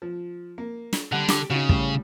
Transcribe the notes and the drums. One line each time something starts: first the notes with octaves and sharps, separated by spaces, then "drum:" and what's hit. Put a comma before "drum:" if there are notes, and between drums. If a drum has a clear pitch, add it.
F3
A#3
drum: snare
D3 G3 F#5 F#6
G4 D6, drum: snare
C#3 D#4 F#4
A2 G3, drum: kick